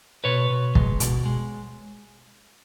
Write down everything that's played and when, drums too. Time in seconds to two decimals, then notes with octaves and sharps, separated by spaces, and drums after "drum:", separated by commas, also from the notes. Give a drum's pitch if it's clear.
0.24 B2 B4 C#5
0.50 B2
0.75 G#3, drum: kick
1.00 B2, drum: hi-hat
1.25 G#3